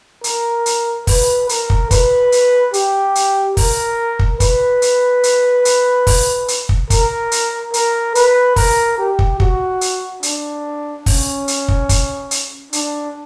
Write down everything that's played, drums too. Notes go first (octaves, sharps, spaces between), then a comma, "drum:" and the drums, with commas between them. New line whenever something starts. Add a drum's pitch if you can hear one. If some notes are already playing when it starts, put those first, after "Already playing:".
A#4, drum: hi-hat
drum: hi-hat
B4, drum: kick, open hi-hat
A#4, drum: hi-hat
drum: kick
B4, drum: kick, hi-hat
drum: hi-hat
G4, drum: hi-hat
drum: hi-hat
A#4, drum: kick, open hi-hat
drum: kick
B4, drum: kick, hi-hat
drum: hi-hat
drum: hi-hat
drum: hi-hat
drum: kick, open hi-hat
drum: hi-hat
drum: kick
A#4, drum: kick, hi-hat
drum: hi-hat
A#4, drum: hi-hat
B4, drum: hi-hat
A#4, drum: kick, open hi-hat
G4
drum: kick
F#4, drum: kick
drum: hi-hat
D4, drum: hi-hat
C#4, drum: kick, open hi-hat
drum: hi-hat
drum: kick
drum: kick, hi-hat
drum: hi-hat
D4, drum: hi-hat